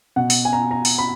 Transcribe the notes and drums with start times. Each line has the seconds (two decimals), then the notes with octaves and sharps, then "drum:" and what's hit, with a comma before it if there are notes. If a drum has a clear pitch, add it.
0.16 B2 F#5
0.30 drum: open hi-hat
0.45 G#5
0.53 A#5
0.71 A#5
0.85 drum: open hi-hat
0.98 B5